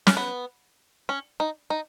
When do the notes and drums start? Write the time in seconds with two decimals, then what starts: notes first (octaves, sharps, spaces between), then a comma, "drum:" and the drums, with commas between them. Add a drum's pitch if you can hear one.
0.07 C#4, drum: snare
0.17 B3
1.09 C#4
1.40 D#4
1.70 D#4